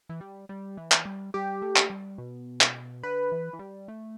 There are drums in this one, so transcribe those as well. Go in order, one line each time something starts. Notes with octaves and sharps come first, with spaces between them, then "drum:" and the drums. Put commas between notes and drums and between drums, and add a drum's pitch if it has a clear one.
E3
G3
G3
E3
drum: clap
G3
G3 G4
A3
drum: clap
G3
B2
drum: clap
D3 B4
E3
E3
G3
A3